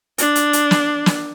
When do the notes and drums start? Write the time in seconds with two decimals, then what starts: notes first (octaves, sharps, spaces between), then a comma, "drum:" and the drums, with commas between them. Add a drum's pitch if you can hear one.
0.18 D4, drum: hi-hat
0.35 drum: hi-hat
0.53 drum: hi-hat
0.71 drum: snare
1.06 drum: snare